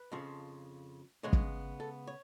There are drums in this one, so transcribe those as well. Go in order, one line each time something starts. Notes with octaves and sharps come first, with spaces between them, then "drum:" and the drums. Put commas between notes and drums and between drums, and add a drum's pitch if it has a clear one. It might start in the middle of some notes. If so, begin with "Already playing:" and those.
Already playing: B4
F2 C#3 F3
C#3 G#3 B3 C#5
drum: kick
A4
C#5